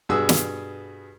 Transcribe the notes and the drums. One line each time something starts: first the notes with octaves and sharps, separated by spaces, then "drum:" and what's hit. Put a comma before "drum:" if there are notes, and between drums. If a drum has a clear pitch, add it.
G2 B2 F#4 G#4 D#6 E6
drum: snare